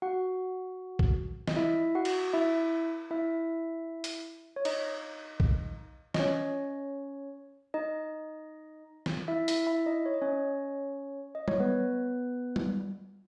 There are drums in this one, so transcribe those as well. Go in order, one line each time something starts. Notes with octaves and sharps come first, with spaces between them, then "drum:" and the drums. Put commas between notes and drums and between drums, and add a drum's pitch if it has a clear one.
F#4 F#5
drum: kick A#1
D#5, drum: snare
E4 E5
F#4 F#5
drum: cymbal
E4 E5
E4 E5
drum: hi-hat
C#5
D#4 D#5, drum: cymbal
drum: kick A#1
D#5, drum: snare
C#4 C#5
D#4 D#5
drum: snare
E4 E5
E4 E5, drum: hi-hat
E4 E5
D#4 D#5
C#5
D#5
C#4 C#5
D#5
C#5, drum: tom G3
B3 B4
drum: tom G3